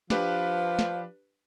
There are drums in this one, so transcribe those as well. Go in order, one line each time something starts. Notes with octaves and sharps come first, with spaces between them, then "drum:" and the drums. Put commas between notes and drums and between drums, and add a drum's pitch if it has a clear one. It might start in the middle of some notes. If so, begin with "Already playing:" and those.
F3 D4 G4 B4, drum: snare
drum: snare